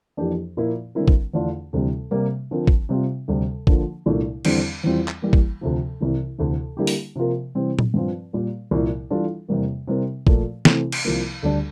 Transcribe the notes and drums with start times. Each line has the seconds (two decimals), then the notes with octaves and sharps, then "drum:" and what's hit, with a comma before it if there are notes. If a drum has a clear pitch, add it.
0.17 F2 E3 A#3 D4 G4
0.57 A#2 F3 A#3 E4
0.95 D3 G3 C4 E4 A#4
1.08 drum: kick
1.33 E2 D3 A3 D4 F4
1.73 D2 C3 E3 G3 C4
2.11 C3 G3 A#3
2.51 D3 F3 C4 F4 A#4
2.67 drum: kick
2.89 C3 G3 C4 F4
3.28 D2 C3 G3
3.67 D3 F3 A#3, drum: kick
4.06 C2 A#2 A3 D4
4.45 E2 D3 G3 C4 E4, drum: cymbal
4.84 E2 E3 G3 C4 F4
5.08 drum: clap
5.22 E3 G3 A#3
5.33 drum: kick
5.61 D2 C3 F3
6.00 C2 C3 E3
6.38 D2 C3 E3
6.77 D3 G3 A#3 E4 G4
6.87 drum: open hi-hat
7.16 C3 F3 A#3 F4 A#4
7.55 C3 E3 G3 C4
7.79 drum: tom A#2
7.94 G2 F3 C4 F4
8.33 A#2 G3 A#3
8.71 C2 A#2 F3 A#3 E4
9.11 E3 G3 D4 F4 A4
9.49 E2 C3 G3 A#3
9.88 C3 G3 C4 E4 A#4
10.27 A#2 F3 A3, drum: kick
10.65 C3 E3 A3 C4, drum: snare
10.92 drum: cymbal
11.05 C2 C3 F3 A#3
11.43 D2 D3 G3 D4